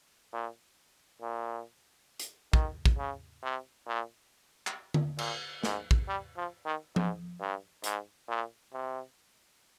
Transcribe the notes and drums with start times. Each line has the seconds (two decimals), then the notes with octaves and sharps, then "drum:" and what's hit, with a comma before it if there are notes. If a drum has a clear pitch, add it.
0.33 A#2
1.22 A#2
2.20 drum: hi-hat
2.53 D#3, drum: kick
2.86 drum: kick
2.98 C#3
3.43 C3
3.87 A#2
4.67 drum: clap
4.94 drum: tom D3
5.19 A#2, drum: cymbal
5.63 G#2, drum: snare
5.91 drum: kick
6.08 G3
6.37 F3
6.66 D#3
6.96 G#2, drum: tom F3
7.41 G2
7.84 G#2, drum: hi-hat
8.28 A#2
8.73 C3